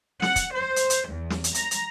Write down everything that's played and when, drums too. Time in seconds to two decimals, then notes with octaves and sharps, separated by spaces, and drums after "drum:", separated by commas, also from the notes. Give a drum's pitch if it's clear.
0.22 F#5, drum: snare
0.36 drum: kick, hi-hat
0.55 C5
0.76 drum: hi-hat
0.90 drum: hi-hat
1.10 E2
1.30 drum: snare
1.44 drum: hi-hat
1.54 A#5, drum: hi-hat
1.71 drum: hi-hat